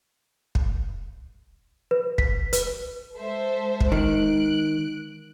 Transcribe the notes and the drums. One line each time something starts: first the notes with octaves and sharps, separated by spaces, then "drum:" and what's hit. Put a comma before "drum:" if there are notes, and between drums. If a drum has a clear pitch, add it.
drum: kick
B4
B6, drum: kick
B4, drum: hi-hat
G#3 A4 C5 E5
drum: kick
D#3 F#6 D7